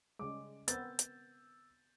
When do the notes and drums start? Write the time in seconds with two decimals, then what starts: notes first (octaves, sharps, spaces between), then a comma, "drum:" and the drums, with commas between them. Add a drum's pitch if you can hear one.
0.19 C#3 G3 G#3 D6
0.68 B3 C4 A#4 E6 G6 A6, drum: hi-hat
0.99 drum: hi-hat